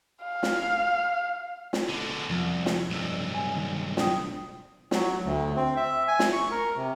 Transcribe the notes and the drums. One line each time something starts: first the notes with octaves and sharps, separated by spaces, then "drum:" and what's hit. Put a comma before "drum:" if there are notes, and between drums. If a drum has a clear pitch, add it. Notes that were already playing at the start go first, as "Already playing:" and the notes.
F5
drum: snare
drum: snare
B2 D3
C2 F2 F3
drum: snare
B1 G2
G#5
D#3
D4 G5 D#6, drum: snare
F#3, drum: snare
D2
C4
E5
G#5
drum: snare
C#6
A#4
C3